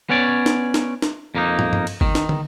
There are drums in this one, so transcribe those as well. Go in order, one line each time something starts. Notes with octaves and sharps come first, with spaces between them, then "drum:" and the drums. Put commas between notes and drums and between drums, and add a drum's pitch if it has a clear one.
B3 C#4 C#5 D5
drum: snare
drum: snare
drum: snare
F2 A#3 D#4
drum: tom
drum: tom
drum: cymbal
D#3, drum: kick G#1
drum: snare
drum: tom